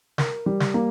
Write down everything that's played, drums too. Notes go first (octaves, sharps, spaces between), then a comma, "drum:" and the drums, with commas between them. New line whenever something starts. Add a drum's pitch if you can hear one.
A#4, drum: snare
G3
drum: snare
A#3